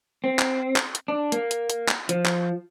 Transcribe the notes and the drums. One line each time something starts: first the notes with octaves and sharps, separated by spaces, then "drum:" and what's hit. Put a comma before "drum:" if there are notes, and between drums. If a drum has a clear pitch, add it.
C4
drum: clap
drum: clap
drum: hi-hat
D4
A#3, drum: hi-hat
drum: hi-hat
drum: hi-hat
drum: clap
F3, drum: hi-hat
drum: clap